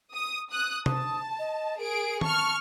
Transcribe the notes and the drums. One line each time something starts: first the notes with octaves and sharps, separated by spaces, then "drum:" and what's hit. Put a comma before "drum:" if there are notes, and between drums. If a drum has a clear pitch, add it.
D#6
D#6 F#6
A5 D#6, drum: tom C3
D#5
G#4 A#4 D7
A5 C#6 F6, drum: tom D#3